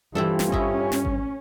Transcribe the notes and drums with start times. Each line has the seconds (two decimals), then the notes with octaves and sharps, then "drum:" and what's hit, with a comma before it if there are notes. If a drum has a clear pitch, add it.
0.15 G2 E3 C4 E4 F4 G4 A4
0.39 drum: snare
0.52 C#4 E4 D#5, drum: kick G#1
0.92 drum: snare
1.05 drum: kick G#1